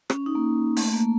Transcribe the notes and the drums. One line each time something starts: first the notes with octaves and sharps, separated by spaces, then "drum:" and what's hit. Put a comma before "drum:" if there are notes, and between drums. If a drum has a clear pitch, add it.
C#4, drum: rim click
D#4
A#3
A3, drum: open hi-hat
A#3